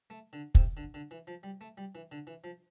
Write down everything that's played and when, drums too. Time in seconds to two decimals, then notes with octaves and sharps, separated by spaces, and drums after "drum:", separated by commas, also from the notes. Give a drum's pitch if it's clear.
0.10 A3
0.33 D3
0.55 C3, drum: kick
0.77 D3
0.94 D3
1.11 E3
1.27 F3
1.43 G3
1.61 A3
1.77 G3
1.95 E3
2.12 D3
2.27 E3
2.44 F3